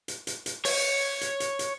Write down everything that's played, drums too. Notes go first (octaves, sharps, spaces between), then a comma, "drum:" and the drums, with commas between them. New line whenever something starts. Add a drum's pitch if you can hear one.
drum: hi-hat
drum: hi-hat
drum: hi-hat
C#5, drum: open hi-hat
drum: hi-hat
drum: hi-hat
drum: hi-hat